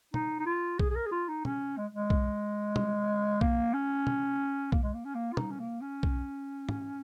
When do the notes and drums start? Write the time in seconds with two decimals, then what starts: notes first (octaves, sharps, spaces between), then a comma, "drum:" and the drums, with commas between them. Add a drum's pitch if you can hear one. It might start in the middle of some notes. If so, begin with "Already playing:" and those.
0.14 D#4, drum: tom
0.40 D#4
0.46 F4
0.79 G#4, drum: kick B1
0.91 G#4
0.96 A#4
1.06 G#4
1.12 F4
1.28 D#4
1.45 C#4, drum: tom
1.78 G#3
1.95 G#3
2.10 drum: kick B1
2.76 drum: tom
3.41 A#3, drum: kick B1
3.74 C#4
4.07 drum: tom
4.72 A#3, drum: kick B1
4.83 G#3
4.94 A#3
5.05 C#4
5.15 A#3
5.33 F4
5.37 D#4, drum: tom
5.51 C#4
5.60 A#3
5.81 C#4
6.03 drum: kick B1
6.69 drum: tom